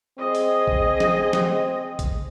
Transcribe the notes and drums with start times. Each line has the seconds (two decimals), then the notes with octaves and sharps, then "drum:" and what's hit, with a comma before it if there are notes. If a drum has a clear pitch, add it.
0.18 C4 G#4 D#5
0.35 drum: open hi-hat
0.68 drum: kick A1
1.00 drum: snare
1.33 drum: snare
1.99 drum: kick A1, hi-hat